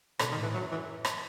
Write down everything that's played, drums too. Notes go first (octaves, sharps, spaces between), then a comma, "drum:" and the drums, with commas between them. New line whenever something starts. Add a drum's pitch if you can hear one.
B2 D3, drum: rim click
D#3
A2
E3
F#2 F#3
E3
drum: rim click